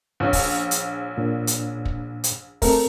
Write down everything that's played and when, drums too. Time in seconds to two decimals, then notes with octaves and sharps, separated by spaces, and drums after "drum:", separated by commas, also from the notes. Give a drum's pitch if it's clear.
0.20 A#1 C#4
0.33 drum: kick, open hi-hat
0.71 drum: hi-hat
1.17 A#2 D4
1.47 drum: hi-hat
1.85 drum: kick
2.24 drum: hi-hat
2.62 A3 C4 A4 A#4, drum: kick, open hi-hat